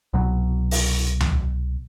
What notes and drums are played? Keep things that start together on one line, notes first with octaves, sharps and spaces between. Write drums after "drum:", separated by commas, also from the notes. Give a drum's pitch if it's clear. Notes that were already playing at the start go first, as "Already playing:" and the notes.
C2 B2 F#3
drum: open hi-hat
drum: tom D2